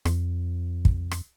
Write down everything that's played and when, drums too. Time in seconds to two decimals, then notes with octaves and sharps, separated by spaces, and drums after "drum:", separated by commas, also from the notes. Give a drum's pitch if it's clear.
0.05 F2, drum: rim click
0.85 drum: kick
1.11 drum: rim click